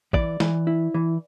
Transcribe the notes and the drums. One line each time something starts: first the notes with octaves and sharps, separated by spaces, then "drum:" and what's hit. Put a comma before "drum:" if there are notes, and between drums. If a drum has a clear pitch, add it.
E3 D5, drum: kick
E3, drum: snare
E4
E3